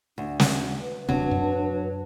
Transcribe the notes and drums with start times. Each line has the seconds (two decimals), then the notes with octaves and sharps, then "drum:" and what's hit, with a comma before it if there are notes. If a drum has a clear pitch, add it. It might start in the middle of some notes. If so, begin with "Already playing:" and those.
0.18 D2 D4
0.40 drum: snare
0.81 B4
1.09 D#1 C3 F#3 C4 D4
1.31 F#2